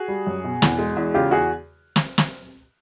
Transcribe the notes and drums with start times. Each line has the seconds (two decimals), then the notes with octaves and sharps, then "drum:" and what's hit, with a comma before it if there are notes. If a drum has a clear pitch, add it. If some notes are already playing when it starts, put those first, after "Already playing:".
Already playing: F#4 G#4
0.08 G3
0.27 F#2
0.44 B2
0.62 E2, drum: snare
0.78 G#3
0.97 E2
1.14 C#3 F4 G4
1.31 E2 F#4 G#4
1.96 drum: snare
2.18 drum: snare